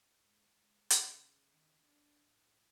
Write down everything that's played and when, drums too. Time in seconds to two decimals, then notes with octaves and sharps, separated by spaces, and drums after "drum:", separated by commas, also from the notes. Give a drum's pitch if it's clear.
0.21 G#2
0.58 G#3
0.90 drum: hi-hat
1.03 C#3
1.51 D#3
1.82 D4
2.25 A2